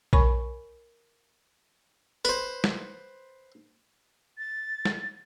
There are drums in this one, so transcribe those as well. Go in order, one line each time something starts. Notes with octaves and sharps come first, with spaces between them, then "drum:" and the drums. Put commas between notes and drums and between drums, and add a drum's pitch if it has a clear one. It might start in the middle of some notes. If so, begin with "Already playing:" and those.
A#4 C#5 G#5 B5 C#6, drum: kick B1
B4 C5, drum: hi-hat
drum: snare
A6
drum: snare